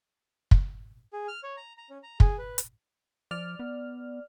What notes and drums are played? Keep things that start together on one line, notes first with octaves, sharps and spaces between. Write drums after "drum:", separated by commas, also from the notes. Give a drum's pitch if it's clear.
drum: kick
G#4
F6
C#5
A#5
A#5
C#4
A#5
G#4, drum: kick
B4
drum: hi-hat
F3 D5 F6
B3